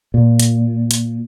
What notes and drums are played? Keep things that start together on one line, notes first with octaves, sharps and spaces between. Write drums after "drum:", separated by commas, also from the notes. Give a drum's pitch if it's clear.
A#2
drum: hi-hat
drum: hi-hat